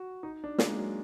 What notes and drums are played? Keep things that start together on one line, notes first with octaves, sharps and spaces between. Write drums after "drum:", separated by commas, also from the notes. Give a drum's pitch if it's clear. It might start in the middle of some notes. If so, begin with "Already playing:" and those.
Already playing: F#4
D#4
D4
A#3, drum: snare
G#3
F#3